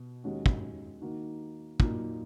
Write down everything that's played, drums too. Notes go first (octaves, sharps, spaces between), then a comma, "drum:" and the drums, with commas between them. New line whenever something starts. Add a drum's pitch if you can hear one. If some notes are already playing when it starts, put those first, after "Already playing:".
Already playing: B2
D#2 D#3 G#3 C#4 F#4
drum: kick
D#3 A#3 D#4 F#4
A#2 F#3 A#3 D#4, drum: kick